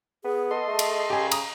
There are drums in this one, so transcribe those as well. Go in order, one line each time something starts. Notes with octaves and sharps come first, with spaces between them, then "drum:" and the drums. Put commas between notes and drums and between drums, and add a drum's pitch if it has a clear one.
B3 G#4
A4 D#5 C6
A3 G#4
drum: cymbal
C#3 G4 G#5
A#5 D#6, drum: cymbal